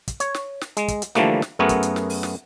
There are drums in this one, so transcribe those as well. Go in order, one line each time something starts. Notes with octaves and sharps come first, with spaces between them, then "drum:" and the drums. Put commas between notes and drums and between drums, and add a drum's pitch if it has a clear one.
drum: kick, hi-hat
C#5, drum: hi-hat
drum: snare
drum: snare
G#3, drum: hi-hat
drum: kick, hi-hat
drum: hi-hat
D3 E3 F3 G3 A3 A#3, drum: snare
drum: snare
F#2 A3 B3 F#4 G#4 A#4
drum: kick, hi-hat
drum: hi-hat
drum: snare
drum: open hi-hat
drum: snare